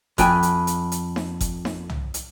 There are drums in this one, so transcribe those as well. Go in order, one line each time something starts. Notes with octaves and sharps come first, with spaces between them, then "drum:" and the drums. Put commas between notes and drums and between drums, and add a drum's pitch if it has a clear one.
F2 G5 G#5 B5 F#6, drum: kick F#1, hi-hat
drum: hi-hat
drum: hi-hat
drum: hi-hat
drum: snare D#4
drum: kick F#1, hi-hat
drum: snare D#4
drum: tom
drum: hi-hat